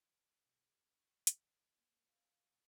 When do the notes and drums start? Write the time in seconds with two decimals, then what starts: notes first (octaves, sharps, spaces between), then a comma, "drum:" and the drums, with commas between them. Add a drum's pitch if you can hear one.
0.46 B2
0.65 G#4
0.99 C#6
1.27 A1, drum: hi-hat
1.78 A#3
2.09 F5